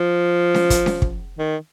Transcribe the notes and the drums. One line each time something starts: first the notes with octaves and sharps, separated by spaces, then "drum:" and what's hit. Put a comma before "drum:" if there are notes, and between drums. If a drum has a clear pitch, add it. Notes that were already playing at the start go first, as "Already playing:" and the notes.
Already playing: F3
drum: snare C#4
drum: kick, hi-hat
drum: snare C#4
drum: kick
D#3